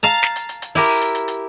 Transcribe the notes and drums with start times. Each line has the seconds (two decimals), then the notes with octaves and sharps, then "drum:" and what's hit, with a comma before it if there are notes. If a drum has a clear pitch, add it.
0.03 F5 A5 A#5
0.23 drum: snare
0.36 drum: hi-hat
0.49 drum: hi-hat
0.62 drum: hi-hat
0.75 E4 G4 A#4, drum: open hi-hat
0.88 drum: open hi-hat
1.01 drum: hi-hat
1.15 drum: hi-hat
1.28 drum: hi-hat